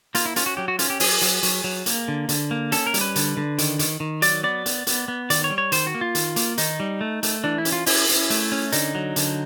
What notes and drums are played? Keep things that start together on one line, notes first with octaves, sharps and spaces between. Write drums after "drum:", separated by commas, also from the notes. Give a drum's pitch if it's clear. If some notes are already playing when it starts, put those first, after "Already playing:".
A#3 F4, drum: hi-hat
E4
C#4 F4, drum: hi-hat
F#4
F#3 G4
F#4
C#4 F4, drum: hi-hat
G4
F#3 G#4, drum: open hi-hat
F#3, drum: hi-hat
F#3, drum: hi-hat
F#3
A#3, drum: hi-hat
D3
D3, drum: hi-hat
A#3
C#4 A4, drum: hi-hat
A#4
G3, drum: hi-hat
B4
D3, drum: hi-hat
D3
D#3, drum: hi-hat
D#3, drum: hi-hat
D#3
F#3 D5, drum: hi-hat
B3 D5
B3, drum: hi-hat
B3, drum: hi-hat
B3
D#3 D5, drum: hi-hat
C#5
G3
C#5
D#3 C5, drum: hi-hat
F#4
A#3
F4
D#3, drum: hi-hat
A#3, drum: hi-hat
D#3 D#4, drum: hi-hat
G3
A3
A3, drum: hi-hat
E3 D4
E4
C#4, drum: hi-hat
F4
C#4 E4, drum: open hi-hat
C#4, drum: hi-hat
A3, drum: hi-hat
C#4
D3 D#4, drum: hi-hat
F#3
D3, drum: hi-hat